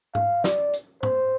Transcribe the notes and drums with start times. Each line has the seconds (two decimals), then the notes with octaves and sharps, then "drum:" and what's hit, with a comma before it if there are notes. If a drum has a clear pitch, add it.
0.15 F5, drum: tom
0.44 D5, drum: snare
0.73 drum: hi-hat
1.03 C5, drum: tom